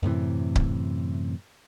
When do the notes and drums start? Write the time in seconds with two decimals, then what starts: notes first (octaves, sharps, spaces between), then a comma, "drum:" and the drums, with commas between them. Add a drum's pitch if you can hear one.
0.03 F#2 A2 C3 E3
0.55 drum: kick C#1